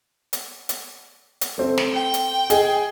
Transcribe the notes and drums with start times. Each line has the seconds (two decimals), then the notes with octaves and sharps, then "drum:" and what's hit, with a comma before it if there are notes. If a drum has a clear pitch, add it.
0.33 drum: hi-hat
0.69 drum: hi-hat
1.41 drum: hi-hat
1.58 A3 C4
1.78 drum: snare
1.93 G5
2.14 drum: hi-hat
2.50 G#4 D#5, drum: hi-hat